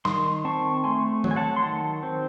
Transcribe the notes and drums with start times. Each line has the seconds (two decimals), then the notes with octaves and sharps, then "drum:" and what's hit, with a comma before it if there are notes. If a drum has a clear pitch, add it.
0.05 D#3 C6 D#6, drum: snare
0.44 C4 A5 C#6
0.84 A3 G#5 C6
1.24 F#3, drum: tom D#3
1.31 G#5
1.36 F#5 A5
1.56 C6
1.62 D#3 F#5 A5
2.03 C4